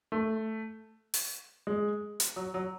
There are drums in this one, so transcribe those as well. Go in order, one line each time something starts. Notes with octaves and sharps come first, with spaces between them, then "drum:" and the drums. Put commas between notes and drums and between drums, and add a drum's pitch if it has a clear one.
A3
drum: open hi-hat
G#3
drum: hi-hat
F#3
F#3